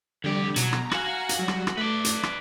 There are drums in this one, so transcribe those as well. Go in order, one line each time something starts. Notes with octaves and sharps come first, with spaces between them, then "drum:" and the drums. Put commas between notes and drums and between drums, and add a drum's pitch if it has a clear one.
F2 D3 G3 G4
B2 F#3 A#5, drum: hi-hat
drum: rim click
F#4 F5 F#5 G#5 A#5, drum: rim click
drum: hi-hat
F#3 G3
drum: rim click
drum: rim click
A3 B4 D5
drum: hi-hat
drum: rim click